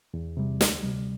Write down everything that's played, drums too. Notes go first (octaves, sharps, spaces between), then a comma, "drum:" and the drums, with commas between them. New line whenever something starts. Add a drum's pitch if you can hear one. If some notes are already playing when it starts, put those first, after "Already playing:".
E2
C3 G3
D2, drum: snare
C3 G3